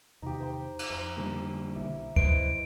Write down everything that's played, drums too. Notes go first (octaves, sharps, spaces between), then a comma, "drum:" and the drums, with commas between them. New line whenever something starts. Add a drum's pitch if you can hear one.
E2 C3 D#3 D#4 G4
C5 C6
drum: cymbal
F2 A#5 C6
D3 G3 A#3
B1 A#2 E4
F#2 C3 B4 C5 D#5 D7, drum: kick D2